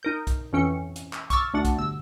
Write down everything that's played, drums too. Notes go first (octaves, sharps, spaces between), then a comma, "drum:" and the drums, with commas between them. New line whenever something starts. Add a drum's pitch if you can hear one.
D#4 A#4 G6
drum: kick, hi-hat
F2 E3 C#4 G5 C#7
drum: hi-hat
drum: clap
C#6 D6 E6 F6 A6, drum: kick, hi-hat
D2 A3 D4 F#5 A6
drum: kick, hi-hat
G1 E6